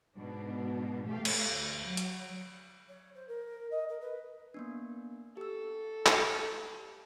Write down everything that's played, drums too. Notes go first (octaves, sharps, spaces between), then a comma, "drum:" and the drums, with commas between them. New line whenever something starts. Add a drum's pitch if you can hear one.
G#2 B2 D4
A3 G4 F5
drum: cymbal
D2
F#3
drum: hi-hat
C#5
C5
A#4
D#5
A#4
B4
A#3 B3 D4
G4 A4 E6
drum: clap